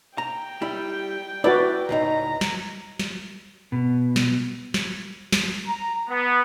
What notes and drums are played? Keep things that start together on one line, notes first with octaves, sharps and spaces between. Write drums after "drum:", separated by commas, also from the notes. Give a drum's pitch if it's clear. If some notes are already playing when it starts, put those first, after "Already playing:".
G5 A#5
G3 E4
E4 F#4 B4 D5
C#2 A2 D#4 A#5
drum: snare
drum: snare
B2
drum: snare
drum: snare
drum: snare
A#5
B3